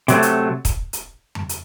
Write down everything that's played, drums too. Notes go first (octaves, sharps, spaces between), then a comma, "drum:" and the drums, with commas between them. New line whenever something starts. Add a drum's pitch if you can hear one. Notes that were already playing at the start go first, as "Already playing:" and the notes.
C3 F#3 A3, drum: hi-hat
drum: hi-hat
drum: kick, hi-hat
drum: hi-hat
drum: tom F2
drum: hi-hat